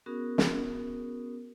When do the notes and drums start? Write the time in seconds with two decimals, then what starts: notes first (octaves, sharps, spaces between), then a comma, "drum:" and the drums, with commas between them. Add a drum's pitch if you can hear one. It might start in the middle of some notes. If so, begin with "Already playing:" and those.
0.06 B3 C#4 F#4 G#4 A#4 D#6
0.38 drum: snare